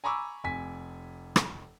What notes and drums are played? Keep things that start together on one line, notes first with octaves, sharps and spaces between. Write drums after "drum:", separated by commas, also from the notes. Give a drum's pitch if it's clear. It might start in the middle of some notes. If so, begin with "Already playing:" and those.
G#5 A#5 B5 C#6 D6 E6
F1 G#5 B6
drum: rim click